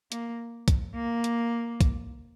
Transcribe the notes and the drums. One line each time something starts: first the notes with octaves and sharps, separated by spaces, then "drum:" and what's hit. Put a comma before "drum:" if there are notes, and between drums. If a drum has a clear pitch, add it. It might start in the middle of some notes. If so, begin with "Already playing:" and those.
A#3, drum: hi-hat
drum: kick, hi-hat
A#3
drum: hi-hat
drum: kick, hi-hat